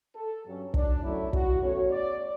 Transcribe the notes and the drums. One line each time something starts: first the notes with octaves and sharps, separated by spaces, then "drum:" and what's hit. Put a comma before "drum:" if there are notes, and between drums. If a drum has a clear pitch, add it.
A4
G2 F#3 C#4
D4, drum: kick
F#2 D3 F#3 A3 C#4 E4
F#4, drum: kick
E2 B2 A3 C#4 C#5
D5